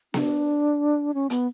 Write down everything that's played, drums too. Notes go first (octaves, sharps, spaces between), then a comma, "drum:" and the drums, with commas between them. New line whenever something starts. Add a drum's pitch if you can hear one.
D4, drum: snare B3
C#4
B3, drum: hi-hat